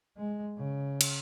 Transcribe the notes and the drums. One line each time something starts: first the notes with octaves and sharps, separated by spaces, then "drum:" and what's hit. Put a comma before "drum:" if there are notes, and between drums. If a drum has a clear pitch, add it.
G#3
C#3
drum: cymbal